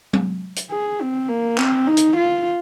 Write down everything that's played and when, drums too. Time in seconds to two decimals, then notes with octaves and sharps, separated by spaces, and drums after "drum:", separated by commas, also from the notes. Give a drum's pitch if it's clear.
0.13 drum: tom F#3
0.56 drum: hi-hat
0.71 G#4
1.01 C4
1.29 A#3
1.58 C4, drum: clap
1.87 D#4
1.97 drum: hi-hat
2.17 F4